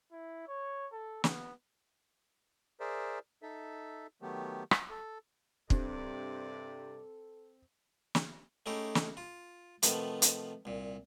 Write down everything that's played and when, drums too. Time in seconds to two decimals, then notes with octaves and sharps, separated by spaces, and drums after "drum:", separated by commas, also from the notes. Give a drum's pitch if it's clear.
0.12 E4
0.47 C#5
0.93 A4
1.24 B3, drum: snare
2.80 G#4 A#4 C5 D5 E5
3.43 D#4 A4 E5
4.22 D#3 F#3 A3 B3 G4
4.71 drum: rim click
4.90 A4
5.70 G2 C3 C4 D4 A4 D5, drum: kick
8.15 drum: snare
8.66 A3 C#4 D#4 E4 G4 G#4
8.95 drum: snare
9.17 F4
9.83 C3 D#3 F3 A3 B3, drum: hi-hat
10.22 drum: hi-hat
10.65 C2 A#2